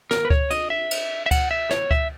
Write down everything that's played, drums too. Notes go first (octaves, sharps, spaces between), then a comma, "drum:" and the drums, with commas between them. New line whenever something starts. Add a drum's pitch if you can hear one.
A#4, drum: snare
B4
C#5, drum: kick C#2
D#5, drum: cymbal
E5
drum: cymbal
E5
F#5, drum: kick C#2, cymbal
E5
C#5, drum: snare
E5, drum: kick C#2